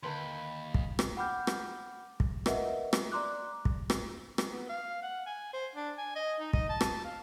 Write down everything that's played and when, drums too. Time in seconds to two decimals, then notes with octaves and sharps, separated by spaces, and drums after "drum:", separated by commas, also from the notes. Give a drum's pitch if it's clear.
0.03 D#2 D3 B4 B5 C6
0.74 drum: kick
0.99 drum: rim click
1.17 F#5 G5 B5 D6 F6 G6
1.47 drum: rim click
2.20 drum: kick
2.46 A#4 B4 D#5 E5 F#5, drum: rim click
2.93 drum: rim click
3.12 D5 A#5 C6 D6 F#6
3.65 drum: kick
3.90 drum: rim click
4.38 drum: rim click
4.50 B3
4.69 F5
5.02 F#5
5.26 G#5
5.53 C5
5.76 D4
5.98 G#5
6.16 D#5
6.40 D#4
6.53 D#5, drum: kick
6.69 A5
6.81 drum: rim click
7.05 F5